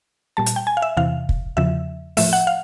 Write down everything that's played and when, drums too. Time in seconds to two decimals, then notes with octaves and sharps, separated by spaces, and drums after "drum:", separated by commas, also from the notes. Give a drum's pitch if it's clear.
0.37 A#2 G3 A5
0.46 drum: hi-hat
0.56 G5
0.67 G#5
0.77 F5
0.82 E5
0.97 E2 C3 E3 F5
1.29 drum: kick
1.57 E2 C#3 F3 E5
2.17 A2 F3 A3 E5, drum: open hi-hat
2.33 F#5
2.47 F5